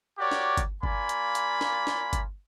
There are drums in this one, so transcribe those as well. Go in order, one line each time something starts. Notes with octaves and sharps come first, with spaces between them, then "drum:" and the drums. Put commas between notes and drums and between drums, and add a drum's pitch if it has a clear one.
F#4 G4 A#4 C#5 D5
drum: snare
drum: kick G1, hi-hat
A#3 F4 D5 G#5 B5, drum: kick G1
drum: hi-hat
drum: hi-hat
drum: snare
drum: snare
drum: kick G1, hi-hat